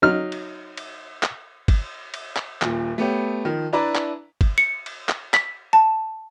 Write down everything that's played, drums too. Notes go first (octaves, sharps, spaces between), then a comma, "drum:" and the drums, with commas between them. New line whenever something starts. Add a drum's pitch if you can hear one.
F#3 D#4 F6
drum: cymbal
drum: cymbal
drum: clap
drum: kick, cymbal
drum: cymbal
drum: clap
D#1 A#2, drum: clap
A3 B3 G4 C#5
D#3 F3
D4 E4 B4 D5 E5 A#5
drum: clap
drum: kick, cymbal
C#7
drum: cymbal
drum: clap
B6, drum: clap
A5